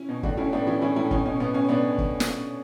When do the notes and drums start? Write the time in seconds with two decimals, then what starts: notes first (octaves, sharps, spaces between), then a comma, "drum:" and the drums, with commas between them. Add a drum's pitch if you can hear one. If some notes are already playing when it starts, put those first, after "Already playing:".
Already playing: C#4 E4
0.09 B2
0.23 A2 D4 F#4, drum: kick
0.37 A2 C#4 E4
0.53 A2 B3 D4
0.67 E3 C#4 E4
0.81 E3 C#4 E4
0.96 A2 C#4 E4
1.11 B2 C#4, drum: kick
1.25 B2 C#4
1.40 B2 B3
1.54 B2 C#4
1.69 B2 B3 D4
1.98 drum: kick
2.20 drum: snare